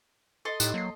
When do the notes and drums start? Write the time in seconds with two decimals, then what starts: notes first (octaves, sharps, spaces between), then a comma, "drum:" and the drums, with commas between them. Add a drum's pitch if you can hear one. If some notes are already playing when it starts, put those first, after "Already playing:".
0.45 A4 D#5 C6
0.60 A2 D#4 G4 F#6, drum: tambourine
0.74 F#3 A#3 C7